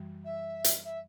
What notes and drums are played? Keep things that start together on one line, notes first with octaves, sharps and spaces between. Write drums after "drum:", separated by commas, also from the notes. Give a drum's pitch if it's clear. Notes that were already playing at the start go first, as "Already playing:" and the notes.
Already playing: F#2 E3 G3
E5
drum: hi-hat
E5